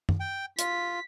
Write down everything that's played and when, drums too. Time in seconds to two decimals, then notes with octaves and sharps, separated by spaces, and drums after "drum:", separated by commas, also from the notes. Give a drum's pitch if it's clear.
0.09 drum: tom F#2
0.20 G5
0.59 F4 B6, drum: hi-hat